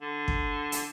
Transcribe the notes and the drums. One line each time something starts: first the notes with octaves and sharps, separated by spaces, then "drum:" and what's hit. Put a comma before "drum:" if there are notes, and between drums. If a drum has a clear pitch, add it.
D3
drum: kick
drum: hi-hat